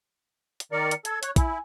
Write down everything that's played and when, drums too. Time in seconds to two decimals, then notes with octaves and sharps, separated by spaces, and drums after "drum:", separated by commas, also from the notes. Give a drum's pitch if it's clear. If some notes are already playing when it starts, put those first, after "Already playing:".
0.60 drum: hi-hat
0.72 D#3 A#4 D5 C#7
0.91 drum: hi-hat
1.05 A4 G#6, drum: hi-hat
1.23 C#5 F#6, drum: hi-hat
1.36 E4 G#5, drum: kick, hi-hat